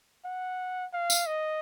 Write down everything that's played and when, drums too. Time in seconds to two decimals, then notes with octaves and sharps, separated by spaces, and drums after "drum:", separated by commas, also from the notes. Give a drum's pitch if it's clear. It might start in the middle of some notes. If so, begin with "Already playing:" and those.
0.25 F#5
0.93 F5
1.10 drum: tambourine
1.27 D#5